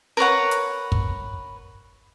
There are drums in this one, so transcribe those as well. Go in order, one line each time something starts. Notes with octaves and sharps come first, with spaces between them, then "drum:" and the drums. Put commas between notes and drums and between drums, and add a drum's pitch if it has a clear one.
A#4 B4 C#5 F#5
drum: hi-hat
drum: kick